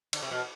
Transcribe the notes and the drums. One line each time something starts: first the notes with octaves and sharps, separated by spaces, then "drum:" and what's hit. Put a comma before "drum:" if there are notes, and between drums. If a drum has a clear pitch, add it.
D3, drum: cymbal
C3
B2